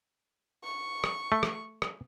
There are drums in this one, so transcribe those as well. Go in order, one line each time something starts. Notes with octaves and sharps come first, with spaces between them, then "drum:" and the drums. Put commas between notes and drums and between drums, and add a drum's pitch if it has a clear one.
C#6
drum: rim click
A3
drum: rim click
drum: rim click